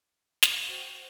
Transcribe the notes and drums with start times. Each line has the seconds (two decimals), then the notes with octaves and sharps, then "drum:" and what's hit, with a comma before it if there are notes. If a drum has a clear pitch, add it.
0.43 drum: snare
0.66 F#4 C5 G5